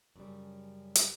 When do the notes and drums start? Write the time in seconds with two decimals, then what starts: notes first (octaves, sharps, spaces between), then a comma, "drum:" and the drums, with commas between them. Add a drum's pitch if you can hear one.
0.16 F#2 C#3 G3
0.95 drum: hi-hat